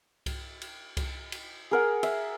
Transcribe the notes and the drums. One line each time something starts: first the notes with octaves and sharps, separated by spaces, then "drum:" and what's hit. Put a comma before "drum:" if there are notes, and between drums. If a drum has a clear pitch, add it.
drum: kick C2, cymbal
drum: cymbal
drum: kick C2, cymbal
drum: cymbal
G#4 A#4 F#5
E5, drum: cymbal